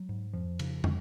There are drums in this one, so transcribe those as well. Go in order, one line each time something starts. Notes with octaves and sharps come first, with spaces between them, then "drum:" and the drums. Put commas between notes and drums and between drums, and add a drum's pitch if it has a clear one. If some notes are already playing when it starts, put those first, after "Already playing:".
Already playing: F#3
G#2
F2 F3
C#3, drum: cymbal
drum: tom